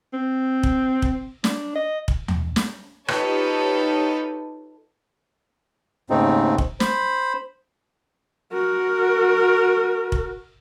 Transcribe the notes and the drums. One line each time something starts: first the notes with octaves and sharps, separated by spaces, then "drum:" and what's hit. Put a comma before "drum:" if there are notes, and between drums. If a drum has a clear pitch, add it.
C4
drum: kick
drum: kick
D4, drum: snare
D#5
drum: kick
drum: tom D#2
drum: snare
D#4 F4 G4 A4 B4 C#5, drum: rim click
D#2 G#2 C#3 A3 C4 D#4
drum: kick
C5 B5, drum: snare
F#4 A#4
drum: kick